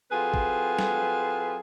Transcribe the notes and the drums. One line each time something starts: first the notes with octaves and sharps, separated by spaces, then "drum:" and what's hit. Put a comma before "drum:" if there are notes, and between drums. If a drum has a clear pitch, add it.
F#3 C4 F4 G#4 A4 B4
drum: kick
drum: snare